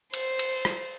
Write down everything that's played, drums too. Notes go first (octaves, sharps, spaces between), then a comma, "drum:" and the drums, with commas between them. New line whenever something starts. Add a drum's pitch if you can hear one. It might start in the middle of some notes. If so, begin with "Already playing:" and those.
C5, drum: cymbal
drum: cymbal
drum: rim click